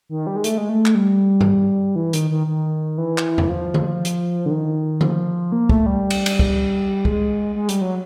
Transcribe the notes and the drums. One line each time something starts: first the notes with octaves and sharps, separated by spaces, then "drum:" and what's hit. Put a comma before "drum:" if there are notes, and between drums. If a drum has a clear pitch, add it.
D#3
G3
G#3
A3, drum: hi-hat
G#3
A3
drum: clap
G3
drum: tom G2
E3
D#3, drum: hi-hat
D#3
D#3
E3
drum: clap
drum: tom E2
F3
drum: tom D3
drum: hi-hat
D3
D#3
F3, drum: tom D3
A#3
A3, drum: kick
G3
drum: cymbal
drum: cymbal
drum: kick
G#3, drum: kick
G#3
G3, drum: hi-hat
F#3